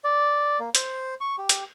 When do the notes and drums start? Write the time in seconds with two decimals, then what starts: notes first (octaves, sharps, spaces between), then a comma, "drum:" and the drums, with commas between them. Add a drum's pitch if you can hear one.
0.04 D5
0.60 A#3
0.75 C5, drum: hi-hat
1.21 C#6
1.38 G4
1.49 drum: hi-hat